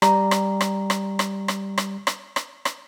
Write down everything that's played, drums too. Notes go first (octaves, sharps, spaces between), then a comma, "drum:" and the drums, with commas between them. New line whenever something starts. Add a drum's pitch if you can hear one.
G3 A#5, drum: rim click
drum: rim click
drum: rim click
drum: rim click
drum: rim click
drum: rim click
drum: rim click
drum: rim click
drum: rim click
drum: rim click